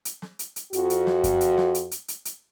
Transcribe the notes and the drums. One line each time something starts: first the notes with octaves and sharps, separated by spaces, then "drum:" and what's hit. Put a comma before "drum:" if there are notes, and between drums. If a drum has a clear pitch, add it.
drum: hi-hat
drum: snare
drum: hi-hat
drum: hi-hat
F2 F#4, drum: hi-hat
drum: hi-hat
drum: snare
drum: kick F#2, hi-hat
drum: hi-hat
drum: snare
drum: hi-hat
drum: hi-hat
drum: hi-hat
drum: hi-hat